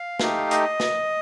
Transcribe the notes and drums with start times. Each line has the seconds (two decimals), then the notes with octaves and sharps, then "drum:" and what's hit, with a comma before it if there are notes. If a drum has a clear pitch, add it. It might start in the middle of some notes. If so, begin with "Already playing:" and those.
Already playing: F5
0.20 A3 D#4 G4, drum: snare
0.51 D#5, drum: hi-hat
0.80 drum: snare